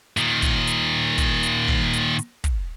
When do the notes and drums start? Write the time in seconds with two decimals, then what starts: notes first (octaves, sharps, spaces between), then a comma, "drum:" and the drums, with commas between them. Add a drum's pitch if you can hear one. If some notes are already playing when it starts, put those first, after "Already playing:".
0.17 A#2 D#3, drum: hi-hat
0.42 drum: kick, hi-hat
0.67 drum: hi-hat
1.18 drum: kick, hi-hat
1.43 drum: hi-hat
1.68 drum: kick
1.93 drum: hi-hat
2.19 drum: hi-hat
2.44 drum: kick, hi-hat